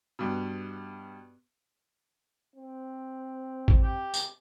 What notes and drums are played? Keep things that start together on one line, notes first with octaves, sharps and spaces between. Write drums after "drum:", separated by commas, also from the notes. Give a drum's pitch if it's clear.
G2 B2
C4
drum: kick
G4
drum: tambourine